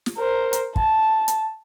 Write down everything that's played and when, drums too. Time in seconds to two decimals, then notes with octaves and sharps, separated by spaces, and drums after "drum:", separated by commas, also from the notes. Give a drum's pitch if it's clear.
0.06 drum: snare
0.18 A#4 C5
0.53 drum: hi-hat
0.76 A5, drum: kick
1.28 drum: hi-hat